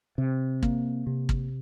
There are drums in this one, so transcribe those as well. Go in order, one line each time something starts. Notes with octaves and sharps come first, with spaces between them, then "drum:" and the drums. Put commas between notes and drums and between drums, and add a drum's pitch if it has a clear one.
C3
A#3, drum: kick
C3
drum: kick